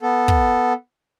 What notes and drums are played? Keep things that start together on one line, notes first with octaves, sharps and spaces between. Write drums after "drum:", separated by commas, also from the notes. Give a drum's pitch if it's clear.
B3 A4
drum: kick